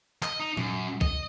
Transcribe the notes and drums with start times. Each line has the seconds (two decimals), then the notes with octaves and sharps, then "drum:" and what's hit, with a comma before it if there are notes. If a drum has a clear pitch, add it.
0.23 D#5, drum: clap
0.40 D#4
0.57 F#2, drum: tom A#2
1.01 D#5, drum: kick